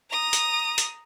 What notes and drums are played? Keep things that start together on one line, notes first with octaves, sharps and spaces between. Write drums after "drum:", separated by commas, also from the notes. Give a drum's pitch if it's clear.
A#5 D#6
drum: hi-hat
drum: hi-hat